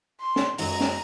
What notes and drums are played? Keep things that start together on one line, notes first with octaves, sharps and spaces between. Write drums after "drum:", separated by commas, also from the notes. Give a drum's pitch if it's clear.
C6
drum: snare
F#2 F#3 G#3 A#5, drum: open hi-hat
drum: snare